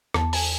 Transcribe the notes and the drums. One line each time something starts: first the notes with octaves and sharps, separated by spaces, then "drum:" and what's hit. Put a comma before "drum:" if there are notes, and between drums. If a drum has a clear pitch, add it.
E2 A5, drum: rim click
G#5, drum: open hi-hat